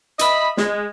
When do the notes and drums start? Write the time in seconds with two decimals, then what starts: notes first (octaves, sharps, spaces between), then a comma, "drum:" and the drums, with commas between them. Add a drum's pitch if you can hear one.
0.19 D#5 E5 B5, drum: hi-hat
0.57 G#3, drum: snare